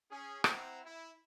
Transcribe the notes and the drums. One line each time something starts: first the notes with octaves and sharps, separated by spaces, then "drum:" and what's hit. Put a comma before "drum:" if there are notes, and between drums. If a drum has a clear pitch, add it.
C#4 G#4
C4 E4 C5 F#5 A#5, drum: rim click
E4